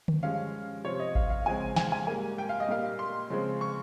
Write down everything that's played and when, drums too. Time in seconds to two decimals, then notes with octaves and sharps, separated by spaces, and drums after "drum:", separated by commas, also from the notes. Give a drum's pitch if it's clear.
0.08 drum: tom D3
0.23 G2 F3 G#3 C#4 F5
0.84 C3 F3 C4 C#5
1.00 D#5
1.15 F5, drum: kick G#1
1.30 F5
1.46 C#3 F3 G#3 C4 G#5
1.76 G#5, drum: snare
1.92 G#5
2.07 G#2 G3 A#3 G#5
2.38 G5
2.49 F5
2.60 D#5
2.68 A#2 G3 A#3 F5
2.99 C6
3.30 C#3 F3 G#3 C4
3.61 C#6